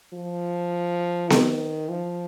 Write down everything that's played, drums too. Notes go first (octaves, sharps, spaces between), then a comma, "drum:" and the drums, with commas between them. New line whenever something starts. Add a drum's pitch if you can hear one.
F3
D#3, drum: snare B3
F3